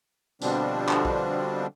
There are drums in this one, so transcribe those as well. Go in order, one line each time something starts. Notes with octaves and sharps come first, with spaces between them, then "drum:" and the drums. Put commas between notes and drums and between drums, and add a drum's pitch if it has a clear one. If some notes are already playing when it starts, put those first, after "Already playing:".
B2 D3 F3 G3 C4 D4, drum: tambourine
drum: clap
drum: kick A#1